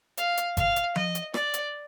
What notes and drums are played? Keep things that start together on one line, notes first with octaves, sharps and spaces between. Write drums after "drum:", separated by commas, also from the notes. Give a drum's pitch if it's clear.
F5, drum: hi-hat
drum: hi-hat
F5, drum: kick G#1, hi-hat
drum: hi-hat
D#5, drum: tom F3
drum: hi-hat
D5, drum: rim click
drum: hi-hat